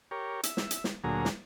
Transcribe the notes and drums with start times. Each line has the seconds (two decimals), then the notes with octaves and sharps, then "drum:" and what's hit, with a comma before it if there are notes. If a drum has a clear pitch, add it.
0.11 G4 A#4 C#5
0.43 E5, drum: hi-hat
0.57 drum: snare
0.71 drum: hi-hat
0.84 drum: snare
1.04 D2 A#2 F#3 G#4 A#5
1.25 drum: snare